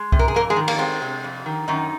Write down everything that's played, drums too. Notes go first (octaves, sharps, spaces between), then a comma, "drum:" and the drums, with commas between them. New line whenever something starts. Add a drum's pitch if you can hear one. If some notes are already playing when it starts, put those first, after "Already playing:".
Already playing: G#3
C3, drum: kick C2
A#4
G#4
F2 A#3 A#4
G#3 G#4
D#3
A#3, drum: cymbal
G#3 C4
C3
F2
D#3
F#2 D#3 D#4